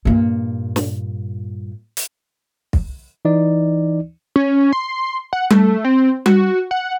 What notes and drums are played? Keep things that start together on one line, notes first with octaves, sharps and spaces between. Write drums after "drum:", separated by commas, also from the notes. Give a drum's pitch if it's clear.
G2 A#2
drum: snare
drum: hi-hat
drum: kick
E3 D#4 D5
C#4
C6
F#5
A3, drum: tom G3
C4
F#4, drum: tom G3
F#5